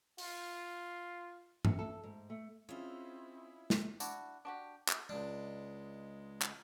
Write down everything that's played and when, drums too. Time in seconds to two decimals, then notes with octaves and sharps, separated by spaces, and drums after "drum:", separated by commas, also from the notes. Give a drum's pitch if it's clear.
0.18 F4, drum: open hi-hat
1.65 A3, drum: tom G2
1.79 A4
2.03 G#2
2.30 A3
2.69 C4 C#4 E4 F4 G#4 D#5
3.70 drum: snare
4.00 D4 E4 F#4, drum: tambourine
4.45 D4 F#4 G4
4.88 drum: clap
5.09 C#2 G#3 D4
6.42 drum: clap